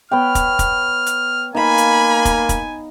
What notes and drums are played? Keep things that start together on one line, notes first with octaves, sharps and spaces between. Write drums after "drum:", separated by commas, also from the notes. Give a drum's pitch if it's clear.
B3 C#5 G5 F6
drum: kick, hi-hat
drum: kick, hi-hat
drum: hi-hat
A#3 D#4 F5 G#5 B5
drum: hi-hat
drum: kick, hi-hat
drum: kick, hi-hat